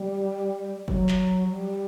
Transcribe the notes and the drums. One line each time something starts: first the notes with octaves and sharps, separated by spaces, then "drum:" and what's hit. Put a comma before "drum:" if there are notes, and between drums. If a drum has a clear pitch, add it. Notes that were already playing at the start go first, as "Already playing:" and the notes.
Already playing: G3
F#3, drum: kick
drum: clap
G3